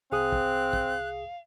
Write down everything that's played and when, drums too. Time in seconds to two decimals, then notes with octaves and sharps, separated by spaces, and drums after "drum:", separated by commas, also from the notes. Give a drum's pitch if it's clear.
0.12 C2 C4 G#4 F5 D#6 F#6
0.32 drum: kick
0.73 drum: kick